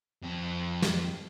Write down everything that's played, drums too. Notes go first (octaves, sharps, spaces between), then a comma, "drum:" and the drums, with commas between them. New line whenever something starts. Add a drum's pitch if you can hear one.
F2 C4
drum: snare